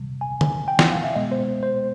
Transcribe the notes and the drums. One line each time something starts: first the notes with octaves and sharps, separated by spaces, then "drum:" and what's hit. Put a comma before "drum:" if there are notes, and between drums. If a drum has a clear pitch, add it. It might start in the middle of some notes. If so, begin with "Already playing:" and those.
Already playing: C3 D#3 G3
G#5
drum: tom D3
G5
F#5, drum: snare
F5
E5
B2 G#3 B3 D#5
C5
C5